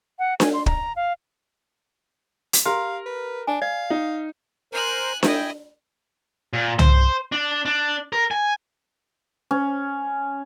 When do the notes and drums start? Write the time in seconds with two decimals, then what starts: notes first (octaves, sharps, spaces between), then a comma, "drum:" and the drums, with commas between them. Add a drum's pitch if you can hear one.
0.19 F#5
0.40 G#5, drum: snare D4
0.53 C6
0.66 A#5, drum: kick
0.96 F5
2.53 drum: hi-hat
2.65 G4 A#4 F5
3.06 B4
3.47 D4 G#5
3.62 D5 F5
3.90 D#4
4.73 A#4 C5 G#5 F#6
5.23 E4 D#5 G5 G#5, drum: snare D4
6.53 A#2
6.79 C5, drum: tom
7.32 D4
7.65 D4
8.13 A#4
8.31 G#5
9.51 C#4